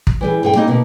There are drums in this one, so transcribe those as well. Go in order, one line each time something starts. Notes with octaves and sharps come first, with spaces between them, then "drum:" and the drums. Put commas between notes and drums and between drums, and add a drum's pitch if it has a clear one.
drum: kick
E3 G3 G#4
G2 G#4 G5
G3 A#3 C4 D#4 D#5
B2 D3 A#3